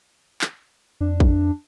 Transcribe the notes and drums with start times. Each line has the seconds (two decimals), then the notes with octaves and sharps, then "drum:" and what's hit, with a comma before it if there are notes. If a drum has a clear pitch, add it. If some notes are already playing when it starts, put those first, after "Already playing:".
0.41 drum: clap
1.01 F2 D4
1.20 drum: kick